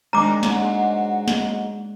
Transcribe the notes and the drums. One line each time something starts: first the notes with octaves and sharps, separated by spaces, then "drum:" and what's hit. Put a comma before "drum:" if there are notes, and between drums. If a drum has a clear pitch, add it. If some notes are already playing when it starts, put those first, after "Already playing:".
D#3 G#3 C4 D4 A#5 D6
G#2 F#3 C#5, drum: snare
drum: snare